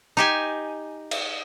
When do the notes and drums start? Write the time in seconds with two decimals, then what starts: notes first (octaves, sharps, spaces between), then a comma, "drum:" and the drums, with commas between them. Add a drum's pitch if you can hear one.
0.17 D#4 G4 G#5
1.11 drum: cymbal